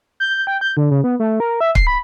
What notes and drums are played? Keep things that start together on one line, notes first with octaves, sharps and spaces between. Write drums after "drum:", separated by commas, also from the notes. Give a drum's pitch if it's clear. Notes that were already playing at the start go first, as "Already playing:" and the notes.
G6
G5
G6
D3
C#3
B3
A3
A#4
E5
C7, drum: kick
B5